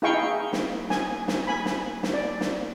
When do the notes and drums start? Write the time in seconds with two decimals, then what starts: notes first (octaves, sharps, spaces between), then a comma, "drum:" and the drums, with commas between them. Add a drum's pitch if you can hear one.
0.02 D#4 E4 G#4 F5 G5 C#6
0.53 drum: snare
0.90 G#5, drum: snare
1.28 drum: snare
1.47 G#5 B5
1.66 drum: snare
2.03 drum: snare
2.14 D5
2.41 drum: snare